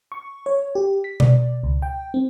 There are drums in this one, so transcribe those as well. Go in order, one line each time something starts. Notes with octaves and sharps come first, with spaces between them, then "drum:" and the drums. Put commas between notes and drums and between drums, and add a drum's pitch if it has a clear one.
C#6
C#5
G4
B6
D5, drum: tom B2
C#2
G5
C4